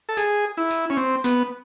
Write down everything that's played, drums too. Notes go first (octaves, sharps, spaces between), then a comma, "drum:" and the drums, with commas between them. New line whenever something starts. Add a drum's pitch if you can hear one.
A4
G#4, drum: tambourine
E4
drum: tambourine
C#4
C4
B3, drum: tambourine